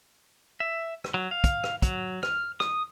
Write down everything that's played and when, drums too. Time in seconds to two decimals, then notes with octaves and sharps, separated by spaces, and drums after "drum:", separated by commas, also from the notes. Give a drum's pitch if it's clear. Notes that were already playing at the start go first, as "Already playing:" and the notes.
0.60 E5
1.04 drum: rim click
1.14 F#3
1.31 F5
1.44 drum: kick, hi-hat
1.64 drum: rim click
1.82 F#3, drum: kick, hi-hat
2.23 F6, drum: rim click
2.60 D#6, drum: rim click